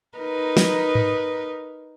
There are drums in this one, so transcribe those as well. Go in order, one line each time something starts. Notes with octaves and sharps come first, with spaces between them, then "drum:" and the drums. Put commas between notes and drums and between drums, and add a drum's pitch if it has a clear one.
D#4 A#4 B4
drum: snare
drum: tom G#2